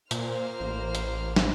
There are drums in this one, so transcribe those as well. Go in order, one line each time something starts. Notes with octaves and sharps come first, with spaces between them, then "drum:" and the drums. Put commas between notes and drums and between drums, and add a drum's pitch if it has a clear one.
A#2 A#3 C5 F6, drum: hi-hat
A1
drum: hi-hat
drum: snare